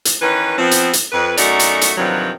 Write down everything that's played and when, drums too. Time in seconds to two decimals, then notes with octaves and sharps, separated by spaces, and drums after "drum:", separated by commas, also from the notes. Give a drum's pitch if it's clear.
0.05 drum: hi-hat
0.22 D#3 E3 C#4 B4
0.58 F3 B3 C4
0.71 drum: hi-hat
0.93 drum: hi-hat
1.12 F2 B4
1.37 F#2 A3 D#4 F#4 A#4 D5, drum: hi-hat
1.59 drum: hi-hat
1.81 drum: hi-hat
1.97 G2 C3 D#3 F3 F#3